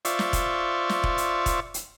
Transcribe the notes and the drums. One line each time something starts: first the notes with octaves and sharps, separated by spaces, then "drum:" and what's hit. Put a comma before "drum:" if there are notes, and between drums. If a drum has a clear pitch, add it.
F4 C5 D5 E5 C#6, drum: hi-hat
drum: snare
drum: kick E1, hi-hat
drum: snare
drum: kick E1
drum: hi-hat
drum: kick E1, hi-hat
drum: hi-hat